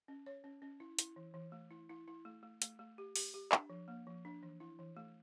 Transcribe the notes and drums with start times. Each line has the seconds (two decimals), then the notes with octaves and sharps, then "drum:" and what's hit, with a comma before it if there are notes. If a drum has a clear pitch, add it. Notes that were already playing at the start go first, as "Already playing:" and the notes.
0.08 C#4
0.26 C#5
0.44 C#4
0.62 C#4
0.80 E4
0.99 E4, drum: hi-hat
1.16 E3
1.34 E3
1.52 A3
1.71 E4
1.90 E4
2.08 E4
2.25 A3
2.43 A3
2.62 A3, drum: hi-hat
2.79 A3
2.98 G4
3.16 G4, drum: open hi-hat
3.34 G4
3.52 D4, drum: clap
3.70 F3
3.88 A#3
4.07 F3
4.25 D4
4.43 E3
4.60 E4
4.79 E3
4.97 A3